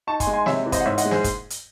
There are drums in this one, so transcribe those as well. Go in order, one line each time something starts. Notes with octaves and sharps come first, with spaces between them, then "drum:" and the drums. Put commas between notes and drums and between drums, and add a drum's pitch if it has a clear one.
D#4 A5 C#6
G#5 C6, drum: kick, hi-hat
G#3
G#5 C6
C3 C#5 E5, drum: snare
E3
C5 D#5, drum: kick, hi-hat
F#5
G#2 C#5 E5
D#5 F#5, drum: hi-hat
G#3
G#4 C5, drum: snare
drum: kick, hi-hat
drum: hi-hat